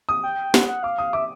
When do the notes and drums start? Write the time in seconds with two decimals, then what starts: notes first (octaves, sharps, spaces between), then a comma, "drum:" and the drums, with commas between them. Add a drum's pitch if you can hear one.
0.09 D#6
0.23 G5
0.54 F#5, drum: snare
0.68 F#5
0.83 F5 D6
0.98 D#6
1.13 E5 D6